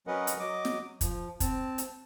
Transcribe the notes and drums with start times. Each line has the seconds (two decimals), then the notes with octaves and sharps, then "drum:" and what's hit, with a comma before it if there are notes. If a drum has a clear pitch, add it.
0.07 F#3 C#4 A#4 B4 D#5 F#5
0.27 drum: hi-hat
0.39 F#3 D#5 D6
0.65 drum: snare
1.01 F3, drum: kick, hi-hat
1.40 C4 A5, drum: kick, hi-hat
1.78 drum: hi-hat